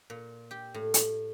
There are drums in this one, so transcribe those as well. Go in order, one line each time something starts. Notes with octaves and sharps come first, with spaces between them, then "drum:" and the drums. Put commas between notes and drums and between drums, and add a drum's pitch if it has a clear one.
A#2
G4
A2
drum: hi-hat